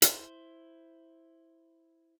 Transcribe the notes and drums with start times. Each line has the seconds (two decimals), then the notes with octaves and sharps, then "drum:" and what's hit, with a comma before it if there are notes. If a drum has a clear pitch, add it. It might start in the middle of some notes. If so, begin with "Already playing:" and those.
0.02 E4 C5, drum: hi-hat